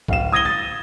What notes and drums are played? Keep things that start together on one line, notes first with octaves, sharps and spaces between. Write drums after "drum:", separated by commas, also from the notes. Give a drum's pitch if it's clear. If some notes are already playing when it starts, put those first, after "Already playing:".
D1 F5 E7, drum: kick C2
D#6 G#6 A#6 D#7 G7
A6